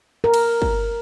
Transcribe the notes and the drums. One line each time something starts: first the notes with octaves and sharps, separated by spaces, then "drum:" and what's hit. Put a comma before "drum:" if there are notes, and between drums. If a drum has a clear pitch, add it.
A#4
drum: cymbal
drum: kick